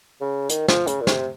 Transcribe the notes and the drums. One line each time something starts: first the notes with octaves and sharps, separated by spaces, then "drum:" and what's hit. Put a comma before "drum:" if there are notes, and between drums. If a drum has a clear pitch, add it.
C#3
D#3, drum: hi-hat
F3, drum: snare
C#3, drum: hi-hat
A#2
C3, drum: snare